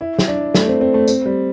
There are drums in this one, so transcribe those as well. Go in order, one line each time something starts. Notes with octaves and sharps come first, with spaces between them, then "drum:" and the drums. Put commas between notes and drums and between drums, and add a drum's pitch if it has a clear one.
E4
drum: snare
D4
A3, drum: snare
C4
C4
A3
C4, drum: tambourine
G3